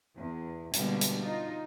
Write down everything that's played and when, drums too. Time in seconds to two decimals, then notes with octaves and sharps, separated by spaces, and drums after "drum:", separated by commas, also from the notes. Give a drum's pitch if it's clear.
0.17 E2
0.73 B2 D3 G3 G#3 A#3, drum: hi-hat
1.01 drum: hi-hat
1.20 D#4 F4